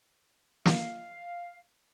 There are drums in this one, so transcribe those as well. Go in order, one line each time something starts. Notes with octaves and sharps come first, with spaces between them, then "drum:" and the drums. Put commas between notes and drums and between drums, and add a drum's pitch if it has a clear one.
F5, drum: snare